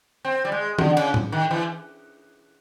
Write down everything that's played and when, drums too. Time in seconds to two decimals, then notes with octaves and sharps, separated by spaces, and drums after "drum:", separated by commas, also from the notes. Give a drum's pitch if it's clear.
0.25 C4
0.45 G3
0.52 G#3
0.79 D3, drum: tom
0.97 C#3, drum: cymbal
1.14 drum: tom
1.32 D#3
1.51 E3